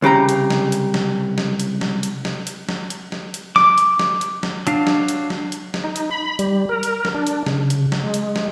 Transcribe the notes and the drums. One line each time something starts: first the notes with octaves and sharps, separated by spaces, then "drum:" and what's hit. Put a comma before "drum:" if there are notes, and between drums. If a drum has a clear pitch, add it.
C2 C#3 G4 A#5
drum: hi-hat
drum: snare
drum: hi-hat
drum: snare
drum: snare
drum: hi-hat
drum: snare
drum: hi-hat
drum: snare
drum: hi-hat
drum: snare
drum: hi-hat
drum: snare
drum: hi-hat
D6, drum: snare
drum: hi-hat
drum: snare
drum: hi-hat
drum: snare
F#3 D4 F5, drum: hi-hat
drum: snare
drum: hi-hat
drum: snare
drum: hi-hat
drum: snare
D#4
drum: hi-hat
B5
G3, drum: hi-hat
A#4
drum: hi-hat
drum: snare
D4
drum: hi-hat
C#3, drum: snare
drum: hi-hat
drum: snare
G#3
drum: hi-hat
drum: snare